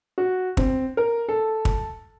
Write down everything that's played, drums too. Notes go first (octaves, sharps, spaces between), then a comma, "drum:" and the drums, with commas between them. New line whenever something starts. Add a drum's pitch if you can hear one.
F#4
C4, drum: kick
A#4
A4
drum: kick